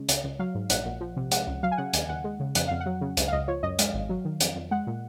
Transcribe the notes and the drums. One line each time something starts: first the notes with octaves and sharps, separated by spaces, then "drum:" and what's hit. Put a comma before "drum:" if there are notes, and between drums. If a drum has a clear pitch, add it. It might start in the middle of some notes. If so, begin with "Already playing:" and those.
Already playing: C#3 G#3
C#2, drum: hi-hat
C#2
F#3 F5
G#2
A#1 F#5, drum: hi-hat
A#1
F3
C3
G#3 F#5, drum: hi-hat
C#2
F#3 F5
G#5
C#3 F#5
D#2 G#5, drum: hi-hat
D#2 F#5
G#3
C#3
F2 F#5, drum: hi-hat
F2 F5
F#5
F#3
C#3
C#2, drum: hi-hat
F5
C#2 D#5
F3 C#5
F#2 D#5
G#3 F5, drum: hi-hat
G#1
F#3
D#3
F2, drum: hi-hat
F2
G#3 F#5
A#2